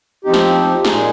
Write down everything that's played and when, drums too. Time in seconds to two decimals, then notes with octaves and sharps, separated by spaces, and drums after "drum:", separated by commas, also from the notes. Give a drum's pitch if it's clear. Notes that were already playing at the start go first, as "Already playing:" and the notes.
0.24 F3 C4 D#4 G4
0.34 drum: snare
0.85 A#2 G#3 D#4 G#4, drum: snare